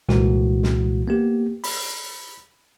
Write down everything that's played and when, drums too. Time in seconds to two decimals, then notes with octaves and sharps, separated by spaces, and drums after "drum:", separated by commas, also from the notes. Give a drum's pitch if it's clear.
0.09 C2 A#2 E3 G#3 F#4, drum: snare
0.63 drum: snare
1.08 A#3 B3 G4
1.64 B5, drum: open hi-hat